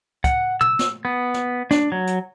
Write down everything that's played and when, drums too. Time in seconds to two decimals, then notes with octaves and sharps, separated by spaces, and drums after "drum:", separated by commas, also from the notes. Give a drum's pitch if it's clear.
0.24 F#5, drum: kick, hi-hat
0.61 E6, drum: tom
0.79 drum: snare
1.05 B3
1.34 drum: snare
1.71 D4, drum: snare
1.92 F#3
2.07 drum: hi-hat